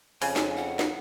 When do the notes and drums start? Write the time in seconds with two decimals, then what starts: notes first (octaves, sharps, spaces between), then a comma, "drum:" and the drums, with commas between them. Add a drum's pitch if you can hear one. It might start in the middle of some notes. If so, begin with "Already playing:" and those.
0.22 F2 C#3 G#5, drum: open hi-hat
0.36 drum: snare
0.56 F#5
0.79 drum: snare